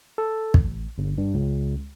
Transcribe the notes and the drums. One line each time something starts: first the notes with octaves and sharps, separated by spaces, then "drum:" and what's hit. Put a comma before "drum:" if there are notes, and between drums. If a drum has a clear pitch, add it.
A4
A1, drum: kick
G1
G2
C#2